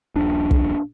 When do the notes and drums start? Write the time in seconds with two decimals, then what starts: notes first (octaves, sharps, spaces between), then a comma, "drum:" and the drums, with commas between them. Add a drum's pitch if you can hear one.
0.15 D#1 A#1 D4
0.51 drum: kick